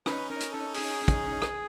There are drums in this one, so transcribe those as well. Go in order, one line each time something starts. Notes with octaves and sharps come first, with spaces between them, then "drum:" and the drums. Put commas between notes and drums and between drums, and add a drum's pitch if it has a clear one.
C#4 D#4 B4, drum: rim click
A#4
drum: hi-hat
A4
G#4, drum: open hi-hat
drum: kick, hi-hat
drum: rim click